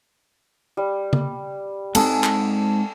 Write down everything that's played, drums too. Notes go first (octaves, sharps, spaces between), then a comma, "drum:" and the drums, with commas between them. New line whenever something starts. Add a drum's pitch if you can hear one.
G3
drum: tom C#3
D#2 G#2 G#3 C4 A4 G#5 D#6, drum: cymbal
drum: clap